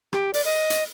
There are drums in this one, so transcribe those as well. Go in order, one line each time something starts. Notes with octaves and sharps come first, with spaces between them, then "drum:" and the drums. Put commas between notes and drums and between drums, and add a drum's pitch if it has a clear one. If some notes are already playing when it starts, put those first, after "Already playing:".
G4, drum: rim click
D5, drum: open hi-hat
D#5
drum: hi-hat